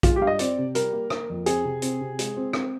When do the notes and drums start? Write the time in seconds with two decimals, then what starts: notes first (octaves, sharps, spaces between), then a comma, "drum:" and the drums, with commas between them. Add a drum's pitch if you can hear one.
0.03 G#3 F4, drum: kick A#1, hi-hat
0.16 G4
0.21 G2 F5
0.27 D#5
0.39 C4 D5, drum: hi-hat
0.58 C3
0.75 G3 A#4, drum: hi-hat
0.93 A#3
1.10 A#3, drum: rim click
1.29 F2
1.46 C4 G#4, drum: hi-hat
1.64 C3
1.82 C4, drum: hi-hat
2.01 C3
2.19 G#3, drum: hi-hat
2.37 C4
2.53 C4, drum: rim click